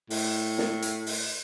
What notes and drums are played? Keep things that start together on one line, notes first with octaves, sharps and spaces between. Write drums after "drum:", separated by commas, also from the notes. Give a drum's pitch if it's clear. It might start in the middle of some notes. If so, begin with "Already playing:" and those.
A2, drum: open hi-hat
drum: snare
drum: hi-hat
drum: open hi-hat